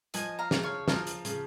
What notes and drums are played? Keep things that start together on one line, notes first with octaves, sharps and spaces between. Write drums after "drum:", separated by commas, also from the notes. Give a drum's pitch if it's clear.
F3 D#5 G#5, drum: hi-hat
F5 A#5
C#3, drum: snare
C#5 F5
F3 F5 A#5, drum: snare
drum: hi-hat
C#3, drum: hi-hat